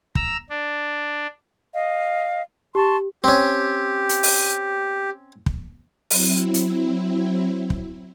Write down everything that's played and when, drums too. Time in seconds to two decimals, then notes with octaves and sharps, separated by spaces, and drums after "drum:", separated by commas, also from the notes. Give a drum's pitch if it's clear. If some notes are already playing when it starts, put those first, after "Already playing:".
0.15 A#5 E6, drum: kick
0.50 D4
1.74 D#5 F5
2.75 G4 A5 C6 C#6
3.24 C4 C#4 G4
4.09 drum: hi-hat
4.23 drum: open hi-hat
5.46 drum: kick
6.10 F#3 C4 E4, drum: open hi-hat
6.54 drum: hi-hat
7.70 drum: kick